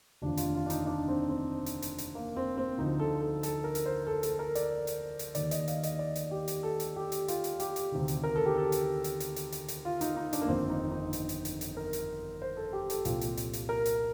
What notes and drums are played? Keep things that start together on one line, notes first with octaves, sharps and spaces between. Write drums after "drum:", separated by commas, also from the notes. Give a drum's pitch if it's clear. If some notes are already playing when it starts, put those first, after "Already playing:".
F1 D#2 D3 F3 D4
F4, drum: hi-hat
F4
D4
D#4, drum: hi-hat
D4
C4
C4
drum: hi-hat
drum: hi-hat
drum: hi-hat
A#3
C4
C4
D2 D3 F3 D#4
A4
A4
A4, drum: hi-hat
A#4
drum: hi-hat
C5
A4
A4, drum: hi-hat
A#4
D5, drum: hi-hat
drum: hi-hat
drum: hi-hat
D#2 D#3 D5, drum: hi-hat
D#5, drum: hi-hat
F5, drum: hi-hat
D#5, drum: hi-hat
D5
drum: hi-hat
G4
drum: hi-hat
A4
drum: hi-hat
G4
drum: hi-hat
F4, drum: hi-hat
drum: hi-hat
G4, drum: hi-hat
drum: hi-hat
D2 C3 D#3
drum: hi-hat
A#4
A4
G4
A4
drum: hi-hat
drum: hi-hat
drum: hi-hat
drum: hi-hat
drum: hi-hat
drum: hi-hat
F4
D#4, drum: hi-hat
D#4
D4, drum: hi-hat
A#3
G1 F2 D#3 C4
D#4
D#4
drum: hi-hat
drum: hi-hat
drum: hi-hat
drum: hi-hat
A#4
drum: hi-hat
C5
A4
G4
A4, drum: hi-hat
C2 A#2 F3, drum: hi-hat
drum: hi-hat
drum: hi-hat
drum: hi-hat
A#4
drum: hi-hat